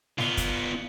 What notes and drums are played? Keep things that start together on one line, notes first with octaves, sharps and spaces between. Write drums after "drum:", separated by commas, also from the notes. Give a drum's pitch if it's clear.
B3 F4, drum: snare
drum: kick, hi-hat